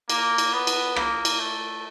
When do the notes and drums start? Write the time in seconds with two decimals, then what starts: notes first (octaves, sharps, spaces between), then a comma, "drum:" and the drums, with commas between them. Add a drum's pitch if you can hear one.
0.10 A#3, drum: cymbal
0.38 drum: cymbal
0.53 B3
0.67 drum: cymbal
0.96 A#3, drum: rim click
1.25 drum: cymbal
1.39 A3